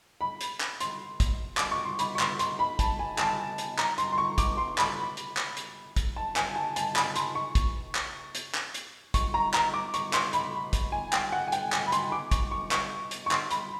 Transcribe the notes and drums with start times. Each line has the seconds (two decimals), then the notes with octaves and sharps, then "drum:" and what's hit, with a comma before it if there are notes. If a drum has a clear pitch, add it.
0.21 B5
0.41 drum: hi-hat
0.60 drum: clap
0.80 C6, drum: hi-hat
1.20 drum: kick, hi-hat
1.57 D6, drum: clap
1.71 C#6
1.85 C6
1.99 B5, drum: hi-hat
2.15 C#6
2.19 C6, drum: clap
2.39 C6, drum: hi-hat
2.59 B5
2.79 A5, drum: kick, hi-hat
2.99 G#5
3.18 A5, drum: clap
3.58 drum: hi-hat
3.79 A#5, drum: clap
3.98 C6, drum: hi-hat
4.12 C6
4.18 C#6
4.38 D6, drum: kick, hi-hat
4.58 C6
4.78 B5, drum: clap
5.17 drum: hi-hat
5.37 drum: clap
5.57 drum: hi-hat
5.96 drum: kick, hi-hat
6.16 A5
6.36 G#5, drum: clap
6.56 A5
6.76 A5, drum: hi-hat
6.96 B5, drum: clap
7.16 C6, drum: hi-hat
7.35 C#6
7.55 drum: kick, hi-hat
7.95 drum: clap
8.35 drum: hi-hat
8.55 drum: clap
8.74 drum: hi-hat
9.14 C#6, drum: kick, hi-hat
9.34 A#5
9.54 A#5, drum: clap
9.74 D6
9.94 C#6, drum: hi-hat
10.13 C6, drum: clap
10.33 B5, drum: hi-hat
10.73 drum: kick, hi-hat
10.92 G#5
11.13 G5, drum: clap
11.32 F#5
11.48 G#5
11.52 G5, drum: hi-hat
11.72 G#5, drum: clap
11.86 B5
11.92 C6, drum: hi-hat
12.12 D6
12.31 C#6, drum: kick, hi-hat
12.51 C#6
12.71 C#6, drum: clap
13.11 drum: hi-hat
13.26 C#6
13.31 C6, drum: clap
13.51 B5, drum: hi-hat